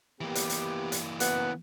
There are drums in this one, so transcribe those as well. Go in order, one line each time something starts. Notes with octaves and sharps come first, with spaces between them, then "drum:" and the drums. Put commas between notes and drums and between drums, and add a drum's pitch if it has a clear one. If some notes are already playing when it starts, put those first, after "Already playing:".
E3 A#3 B3 G4
drum: hi-hat
drum: hi-hat
drum: hi-hat
F#2 B3, drum: hi-hat